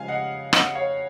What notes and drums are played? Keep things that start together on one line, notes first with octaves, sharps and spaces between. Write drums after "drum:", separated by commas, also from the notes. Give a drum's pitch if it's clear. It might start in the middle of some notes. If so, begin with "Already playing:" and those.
Already playing: C#3 F3 G#3 F5 G#5
D#5 F#5
D#5 F#5, drum: rim click
C#5 F5